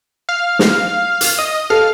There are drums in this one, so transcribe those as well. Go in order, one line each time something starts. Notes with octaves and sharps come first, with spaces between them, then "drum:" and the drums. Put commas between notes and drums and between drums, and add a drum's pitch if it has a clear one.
F5
drum: snare
drum: hi-hat
D#5
A4 F5